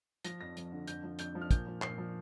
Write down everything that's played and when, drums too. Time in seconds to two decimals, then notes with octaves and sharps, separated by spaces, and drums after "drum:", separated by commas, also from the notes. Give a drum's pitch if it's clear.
0.25 F3 A#6, drum: hi-hat
0.41 F2 A#6
0.57 F2, drum: hi-hat
0.72 D3
0.87 F2 G6, drum: hi-hat
1.03 F3
1.19 F2 G6, drum: hi-hat
1.35 F3
1.41 F6
1.51 A#2 G6, drum: kick, hi-hat
1.67 F3
1.82 A#2 C7, drum: clap
1.98 F3